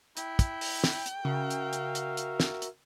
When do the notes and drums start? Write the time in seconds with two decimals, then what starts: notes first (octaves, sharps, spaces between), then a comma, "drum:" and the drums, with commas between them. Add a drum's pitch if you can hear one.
0.17 E4 G5, drum: hi-hat
0.39 drum: kick, hi-hat
0.61 drum: open hi-hat
0.84 drum: snare
1.06 drum: hi-hat
1.25 C#3 F#4 A#4 E5 F5
1.50 drum: hi-hat
1.73 drum: hi-hat
1.95 drum: hi-hat
2.17 drum: hi-hat
2.40 drum: snare
2.62 drum: hi-hat